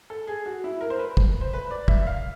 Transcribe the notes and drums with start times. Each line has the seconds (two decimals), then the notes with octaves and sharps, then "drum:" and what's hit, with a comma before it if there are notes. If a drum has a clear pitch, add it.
0.10 A4
0.27 G#4
0.46 F#4
0.64 E4
0.81 A#4
0.90 C5
0.99 B4
1.17 drum: kick
1.41 C5
1.53 B4
1.71 D5
1.88 E5, drum: kick
2.07 F5